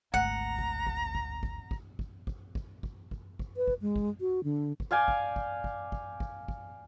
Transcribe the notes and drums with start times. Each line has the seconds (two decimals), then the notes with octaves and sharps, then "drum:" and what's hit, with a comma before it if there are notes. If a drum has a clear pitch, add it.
0.14 G#1 D2 F#5 A#5
0.59 drum: kick
0.87 drum: kick
1.15 drum: kick
1.43 drum: kick
1.71 drum: kick
1.99 drum: kick
2.27 drum: kick
2.55 drum: kick
2.83 drum: kick
3.11 drum: kick
3.39 drum: kick
3.57 B4
3.68 drum: kick
3.82 G#3
3.96 drum: kick
4.20 F#4
4.44 D3
4.80 drum: kick
4.91 D5 F5 G5 G#5
5.08 drum: kick
5.36 drum: kick
5.64 drum: kick
5.92 drum: kick
6.20 drum: kick
6.48 drum: kick